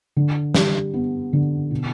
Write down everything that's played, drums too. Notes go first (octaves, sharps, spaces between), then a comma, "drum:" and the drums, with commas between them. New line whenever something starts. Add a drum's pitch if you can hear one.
D3
G3, drum: snare
B3
D3
B2